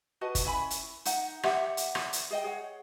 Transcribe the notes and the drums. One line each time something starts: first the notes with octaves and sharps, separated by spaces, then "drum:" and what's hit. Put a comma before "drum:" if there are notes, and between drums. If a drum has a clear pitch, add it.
F#4 B4 D#5 A5
drum: kick, hi-hat
C#4 E4 G#5 B5
drum: hi-hat
D#4 F#5, drum: hi-hat
G4 D5 E5 F#5, drum: rim click
drum: hi-hat
drum: rim click
drum: hi-hat
G#4 D#5 G5
G#4 C#5 F#5